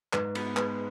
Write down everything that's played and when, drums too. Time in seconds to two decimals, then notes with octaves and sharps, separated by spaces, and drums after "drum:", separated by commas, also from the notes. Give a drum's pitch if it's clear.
0.13 G#2 B4, drum: clap
0.35 B3, drum: cymbal
0.57 G#3 B4, drum: clap